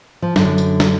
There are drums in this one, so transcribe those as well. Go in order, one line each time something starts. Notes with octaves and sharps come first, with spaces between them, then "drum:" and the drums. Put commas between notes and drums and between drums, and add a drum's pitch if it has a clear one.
F3
F#2 D3, drum: snare
drum: tambourine
drum: snare